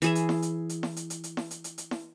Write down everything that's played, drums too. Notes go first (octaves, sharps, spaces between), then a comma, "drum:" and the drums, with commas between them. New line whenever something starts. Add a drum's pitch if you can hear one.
E3 G#4 E5, drum: hi-hat
drum: hi-hat
drum: snare E4
drum: hi-hat
drum: hi-hat
drum: snare E4
drum: hi-hat
drum: hi-hat
drum: hi-hat
drum: snare E4
drum: hi-hat
drum: hi-hat
drum: hi-hat
drum: snare E4